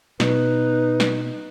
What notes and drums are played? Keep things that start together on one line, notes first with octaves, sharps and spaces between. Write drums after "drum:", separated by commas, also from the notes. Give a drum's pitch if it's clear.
B2 D#4 B4, drum: snare
drum: snare